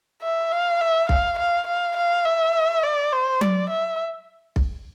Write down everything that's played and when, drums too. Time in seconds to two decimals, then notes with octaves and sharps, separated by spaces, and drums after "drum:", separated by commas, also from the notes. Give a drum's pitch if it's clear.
0.22 E5
0.52 F5
0.80 E5
1.09 F5, drum: kick B1
1.38 F5
1.67 F5
1.96 F5
2.25 E5
2.83 D5
3.12 C5
3.41 D5, drum: tom F#3
3.69 E5
4.56 drum: kick B1